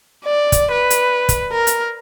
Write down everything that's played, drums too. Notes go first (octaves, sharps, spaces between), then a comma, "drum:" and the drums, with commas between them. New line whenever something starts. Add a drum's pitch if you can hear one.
D5
drum: kick, hi-hat
B4
drum: hi-hat
drum: kick, hi-hat
A#4
drum: hi-hat